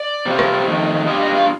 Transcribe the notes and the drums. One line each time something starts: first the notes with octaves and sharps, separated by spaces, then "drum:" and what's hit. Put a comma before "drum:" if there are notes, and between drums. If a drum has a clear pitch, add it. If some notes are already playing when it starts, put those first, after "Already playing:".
Already playing: D5
C3 G3 C4 F4
drum: rim click
F2 D#3 A3
G2 D#3 G3 D4 F4 D#5
D#5
F5